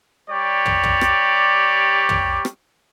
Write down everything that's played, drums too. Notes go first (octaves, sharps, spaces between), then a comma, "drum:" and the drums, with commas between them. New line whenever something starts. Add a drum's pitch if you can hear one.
G3 G4 C#5 D5
drum: tom
drum: tom
drum: rim click
drum: tom
drum: rim click